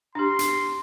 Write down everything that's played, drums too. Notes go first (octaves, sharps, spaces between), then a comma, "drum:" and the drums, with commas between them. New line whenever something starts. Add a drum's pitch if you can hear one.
D4 G4 C6
drum: hi-hat